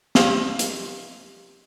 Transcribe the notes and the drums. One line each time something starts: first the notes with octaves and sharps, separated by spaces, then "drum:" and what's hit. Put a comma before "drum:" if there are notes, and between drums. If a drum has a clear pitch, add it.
G4 F5 C6 C#6, drum: snare
drum: hi-hat